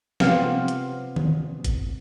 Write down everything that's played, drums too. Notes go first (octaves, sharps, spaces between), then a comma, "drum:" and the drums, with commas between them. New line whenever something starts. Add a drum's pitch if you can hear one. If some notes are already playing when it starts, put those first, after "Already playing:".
C3 B3 C4 F4 G4 F5, drum: snare
drum: hi-hat
drum: tom D#3
drum: kick G#1, hi-hat